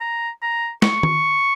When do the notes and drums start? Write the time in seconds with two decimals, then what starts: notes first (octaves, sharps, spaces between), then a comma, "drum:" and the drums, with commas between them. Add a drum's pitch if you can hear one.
0.01 A#5
0.42 A#5
0.82 C#6, drum: snare
1.03 drum: tom D#3